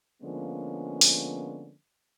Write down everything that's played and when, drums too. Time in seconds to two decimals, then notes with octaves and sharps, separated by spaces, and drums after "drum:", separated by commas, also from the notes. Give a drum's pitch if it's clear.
0.23 D3 F3 G#3 A#3 B3 C#4
1.01 drum: open hi-hat